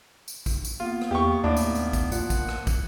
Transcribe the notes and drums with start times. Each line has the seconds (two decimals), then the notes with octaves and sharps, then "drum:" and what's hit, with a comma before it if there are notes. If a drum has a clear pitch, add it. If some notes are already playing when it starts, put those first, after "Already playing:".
0.28 drum: tambourine
0.46 drum: kick, tambourine
0.65 drum: tambourine
0.80 A#3 B3 F4
1.01 drum: rim click
1.11 E2 G4 C#6
1.44 D#2 A2 D4
1.57 drum: tambourine
1.75 drum: tambourine
1.93 drum: kick, tambourine
2.12 A#2 F3 A#3 F#5, drum: tambourine
2.30 drum: kick, tambourine
2.49 drum: rim click
2.67 drum: kick, tambourine